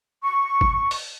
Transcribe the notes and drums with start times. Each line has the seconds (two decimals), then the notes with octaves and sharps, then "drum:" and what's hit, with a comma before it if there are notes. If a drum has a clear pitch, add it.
0.22 C#6
0.61 drum: kick G1
0.91 drum: open hi-hat